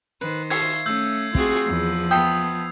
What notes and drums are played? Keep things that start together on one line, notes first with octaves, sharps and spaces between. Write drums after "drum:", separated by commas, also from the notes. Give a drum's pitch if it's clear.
D#3 B4 C5
E5 F5 C#6 G#6 C7, drum: open hi-hat
A3 C#4 E6 G6
C4 F4 F#4 G#4, drum: kick
drum: hi-hat
E2 F3
B3 E4 A4 G5 D#6